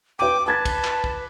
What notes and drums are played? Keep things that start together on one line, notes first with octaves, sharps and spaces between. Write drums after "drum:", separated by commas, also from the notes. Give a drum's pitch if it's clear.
B4 G5 D6 D#7
B4 A5 D6 G#6 A6
drum: kick, cymbal
drum: clap
drum: kick